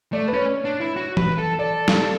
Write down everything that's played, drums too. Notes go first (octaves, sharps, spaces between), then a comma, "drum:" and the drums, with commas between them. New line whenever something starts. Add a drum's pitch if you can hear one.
A3 D5
B4
C#4 C#5
D4
E4
F#4
B4, drum: tom E3
A4
A4 D5
drum: snare